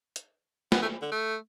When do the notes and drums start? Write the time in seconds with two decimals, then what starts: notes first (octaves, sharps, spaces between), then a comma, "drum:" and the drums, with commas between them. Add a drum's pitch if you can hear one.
0.16 drum: hi-hat
0.72 B3, drum: snare
0.82 A3
1.02 D3
1.12 A3